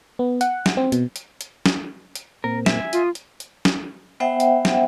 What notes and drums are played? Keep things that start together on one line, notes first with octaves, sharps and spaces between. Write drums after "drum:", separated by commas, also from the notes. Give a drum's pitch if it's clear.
B3
F#5, drum: hi-hat
drum: snare
C4
B2, drum: hi-hat
drum: hi-hat
drum: hi-hat
drum: snare
drum: hi-hat
A#2 A#3 C4 A#4
E5 G#5, drum: snare
F4 D#6, drum: hi-hat
drum: hi-hat
drum: hi-hat
drum: snare
B3 C5 E5 F#5 G5
drum: hi-hat
drum: snare